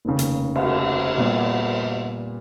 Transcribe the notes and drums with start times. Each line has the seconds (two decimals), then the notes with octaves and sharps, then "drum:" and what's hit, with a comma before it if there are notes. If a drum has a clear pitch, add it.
0.05 F1 D#2 C#3
0.19 drum: hi-hat
0.56 drum: cymbal
1.18 A#2 G3 B3